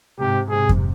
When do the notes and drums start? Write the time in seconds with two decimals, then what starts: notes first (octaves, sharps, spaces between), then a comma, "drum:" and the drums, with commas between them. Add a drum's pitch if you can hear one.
0.19 G#2 C3 G4
0.49 G#2 C3 G#4
0.69 drum: kick F2